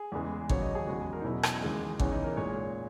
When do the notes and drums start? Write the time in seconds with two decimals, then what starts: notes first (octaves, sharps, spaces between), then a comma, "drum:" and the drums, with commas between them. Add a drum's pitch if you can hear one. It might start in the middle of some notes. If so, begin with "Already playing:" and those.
Already playing: G#4
0.12 E2 C#3 E3 G#3
0.49 D#2 C#3 F#3 C#5, drum: kick G#1
0.62 D#5
0.75 G#4
0.87 E2 C#3 G#3 F#4
1.00 G#4
1.13 A#4
1.21 D#4
1.24 E2 B2 F#3 E4
1.43 drum: rim click
1.62 D#2 C#3 E3 G#3
1.99 E2 C#3 E3 C#4, drum: kick G#1
2.12 D#4
2.24 A#4
2.37 A#2 G#3 C#5